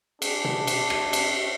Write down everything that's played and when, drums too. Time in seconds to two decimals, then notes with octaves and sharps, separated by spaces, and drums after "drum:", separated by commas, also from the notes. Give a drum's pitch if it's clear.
0.22 D4 G#4, drum: cymbal
0.45 drum: tom B2
0.67 drum: cymbal
0.90 drum: rim click
1.13 drum: cymbal